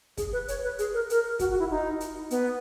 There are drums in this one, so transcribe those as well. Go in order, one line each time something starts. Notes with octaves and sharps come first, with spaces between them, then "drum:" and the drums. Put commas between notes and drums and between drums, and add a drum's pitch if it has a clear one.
G#4, drum: kick, hi-hat
B4
C#5, drum: hi-hat
B4
G#4, drum: hi-hat
A#4
A#4, drum: hi-hat
F#4, drum: kick, hi-hat
F#4
E4
D#4
drum: hi-hat
B3, drum: hi-hat